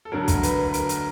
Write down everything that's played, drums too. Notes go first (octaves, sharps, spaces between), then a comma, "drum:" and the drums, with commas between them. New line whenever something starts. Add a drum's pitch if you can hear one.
A4
D2 D3 F#3 A#4
drum: kick, hi-hat
B4, drum: hi-hat
B4
A#4, drum: hi-hat
drum: hi-hat